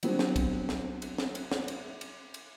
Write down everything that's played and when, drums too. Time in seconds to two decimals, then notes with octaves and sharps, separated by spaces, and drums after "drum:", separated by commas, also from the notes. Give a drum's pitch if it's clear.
0.03 F#3 G3 B3 C4 D4, drum: cymbal
0.19 drum: snare
0.36 drum: kick, cymbal
0.69 drum: snare
1.02 drum: cymbal
1.18 drum: snare
1.35 drum: cymbal
1.51 drum: snare
1.68 drum: cymbal
2.01 drum: cymbal
2.34 drum: cymbal